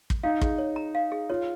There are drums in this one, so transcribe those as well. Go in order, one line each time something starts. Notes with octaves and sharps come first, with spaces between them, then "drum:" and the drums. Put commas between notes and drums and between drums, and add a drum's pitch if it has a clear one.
drum: kick
D#4 F5
G#4, drum: kick
C#5
A#5
F5
G#4
F4 C#5